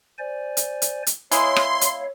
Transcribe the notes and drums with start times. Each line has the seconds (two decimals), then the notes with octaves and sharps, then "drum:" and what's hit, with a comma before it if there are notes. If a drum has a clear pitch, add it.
0.19 C5 D5 G#5
0.57 drum: hi-hat
0.82 drum: hi-hat
1.07 drum: hi-hat
1.31 G#3 B3 E4 C#5 F5 C6, drum: hi-hat
1.56 drum: rim click
1.81 drum: hi-hat